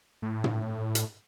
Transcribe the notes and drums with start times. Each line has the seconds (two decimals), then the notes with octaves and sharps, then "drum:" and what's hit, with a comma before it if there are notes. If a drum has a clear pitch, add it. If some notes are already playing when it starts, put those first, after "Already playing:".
0.22 A2
0.44 drum: tom
0.95 drum: hi-hat